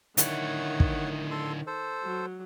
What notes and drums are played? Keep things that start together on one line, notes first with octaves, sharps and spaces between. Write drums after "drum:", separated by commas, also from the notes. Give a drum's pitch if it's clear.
D3 D#3 E4 C#5 F#5, drum: hi-hat
drum: kick
A4 C6
A4 C5
F#3